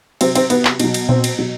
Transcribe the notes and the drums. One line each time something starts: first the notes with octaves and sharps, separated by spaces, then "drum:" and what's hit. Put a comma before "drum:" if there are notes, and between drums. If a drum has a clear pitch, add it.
C3 F#3 C4, drum: cymbal
C4, drum: cymbal
B3, drum: cymbal
drum: clap
B2 F#3, drum: cymbal
drum: cymbal
C4, drum: tom A#2
drum: cymbal
B2 F#3